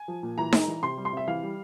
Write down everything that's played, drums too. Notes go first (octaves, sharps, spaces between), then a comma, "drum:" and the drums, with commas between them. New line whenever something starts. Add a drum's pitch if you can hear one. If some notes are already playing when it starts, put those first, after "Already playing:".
Already playing: G#5
F3
A#2
E3 A#5
G#3, drum: snare D#4
E3
C3 C6
G3
C6
C3 E5
E3 F5
G3